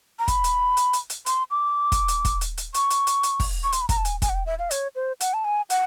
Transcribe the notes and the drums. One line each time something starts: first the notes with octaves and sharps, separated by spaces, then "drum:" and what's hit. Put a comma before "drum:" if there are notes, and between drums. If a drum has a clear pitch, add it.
A#5
B5, drum: kick, hi-hat
drum: hi-hat
drum: hi-hat
drum: hi-hat
drum: hi-hat
C6, drum: hi-hat
D6
drum: kick, hi-hat
drum: hi-hat
drum: kick, hi-hat
drum: hi-hat
drum: hi-hat
C#6, drum: hi-hat
drum: hi-hat
drum: hi-hat
drum: hi-hat
drum: kick, open hi-hat
C#6
C6, drum: hi-hat
B5
A#5, drum: kick, hi-hat
A5
G#5, drum: hi-hat
G#5, drum: kick, hi-hat
F#5
G5
E5
F5
C#5, drum: hi-hat
C5
F#5, drum: hi-hat
A5
G#5
F#5, drum: hi-hat